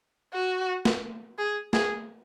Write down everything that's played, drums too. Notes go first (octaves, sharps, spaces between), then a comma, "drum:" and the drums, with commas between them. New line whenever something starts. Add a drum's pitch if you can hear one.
F#4
drum: snare
G#4
G#4, drum: snare